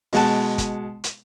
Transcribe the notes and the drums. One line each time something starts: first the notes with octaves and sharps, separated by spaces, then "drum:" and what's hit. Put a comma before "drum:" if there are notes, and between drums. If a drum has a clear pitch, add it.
B2 G#3 F#5 A5, drum: open hi-hat
drum: kick, hi-hat
drum: hi-hat